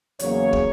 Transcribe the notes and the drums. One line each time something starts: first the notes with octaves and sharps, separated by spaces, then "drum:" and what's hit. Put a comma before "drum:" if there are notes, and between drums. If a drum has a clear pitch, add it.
E2 C#3 F#3 A#3 C#5, drum: hi-hat
drum: kick